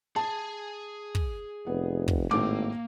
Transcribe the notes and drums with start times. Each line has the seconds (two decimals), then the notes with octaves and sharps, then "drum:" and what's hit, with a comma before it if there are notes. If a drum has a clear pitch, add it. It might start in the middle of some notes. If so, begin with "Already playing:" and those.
0.16 G#4 G#5 A5
1.15 drum: kick
1.67 F1 B3
2.08 drum: kick
2.31 G#1 A2 A3 A#3 D6